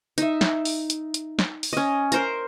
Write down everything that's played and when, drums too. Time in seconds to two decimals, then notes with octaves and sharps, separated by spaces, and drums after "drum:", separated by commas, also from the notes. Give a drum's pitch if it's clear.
0.18 D#4 E5, drum: hi-hat
0.41 drum: snare
0.65 drum: open hi-hat
0.90 drum: hi-hat
1.14 drum: hi-hat
1.39 drum: snare
1.63 drum: open hi-hat
1.73 C#4 D#5
2.12 A#4 C5 A#5, drum: hi-hat